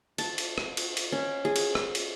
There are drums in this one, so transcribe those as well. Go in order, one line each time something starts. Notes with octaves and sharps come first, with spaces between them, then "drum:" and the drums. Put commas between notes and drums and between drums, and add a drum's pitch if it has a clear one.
A5, drum: cymbal
drum: cymbal
drum: rim click
drum: cymbal
drum: cymbal
C#4
G#4
drum: cymbal
drum: rim click
drum: cymbal